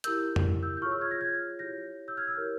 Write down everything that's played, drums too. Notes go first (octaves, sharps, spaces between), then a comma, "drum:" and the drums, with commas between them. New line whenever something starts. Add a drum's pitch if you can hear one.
E4 G4 A#4 E6 G6, drum: hi-hat
drum: tom F2
E6 G6
G6
F4 G#4 C#5 C#6 F6
E6 G6
F6 G#6
G6 A#6
F6 G#6
E4 G4 C#5 G6 A#6
E6 G6
F6 G#6
E6 G6
E4 G4 A#4 C#5